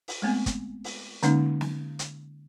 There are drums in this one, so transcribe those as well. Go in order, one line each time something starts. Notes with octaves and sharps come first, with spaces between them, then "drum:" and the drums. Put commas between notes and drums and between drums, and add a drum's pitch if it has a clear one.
drum: open hi-hat
G#3 A3 B3 C4
drum: kick, hi-hat
drum: open hi-hat
D3 G#3 A#3 C#4 D#4, drum: hi-hat
drum: snare
drum: hi-hat